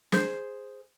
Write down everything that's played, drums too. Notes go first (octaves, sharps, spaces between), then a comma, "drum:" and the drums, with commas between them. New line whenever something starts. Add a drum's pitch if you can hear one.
G#4 C5, drum: snare